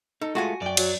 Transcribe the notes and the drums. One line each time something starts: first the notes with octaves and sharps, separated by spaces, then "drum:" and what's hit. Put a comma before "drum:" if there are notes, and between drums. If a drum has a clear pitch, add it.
D#4 A4
G#3 A3 F4 F#4 F#5 G#5
F#2 D5 G5
F#3, drum: cymbal